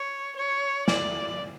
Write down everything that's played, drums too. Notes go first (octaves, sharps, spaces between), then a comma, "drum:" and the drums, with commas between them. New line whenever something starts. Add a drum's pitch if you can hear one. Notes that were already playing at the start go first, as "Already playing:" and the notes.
Already playing: C#5
C#5
D5, drum: snare